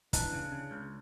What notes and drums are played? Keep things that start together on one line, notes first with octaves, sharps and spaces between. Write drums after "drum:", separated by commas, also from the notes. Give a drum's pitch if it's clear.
E3 D4, drum: kick, hi-hat
C#3
C#3
C#2